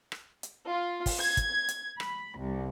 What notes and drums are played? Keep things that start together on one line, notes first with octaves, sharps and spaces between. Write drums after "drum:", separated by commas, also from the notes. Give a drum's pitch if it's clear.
drum: rim click
drum: hi-hat
F4
drum: kick, open hi-hat
G#6
drum: kick, hi-hat
drum: hi-hat
B5, drum: rim click
C2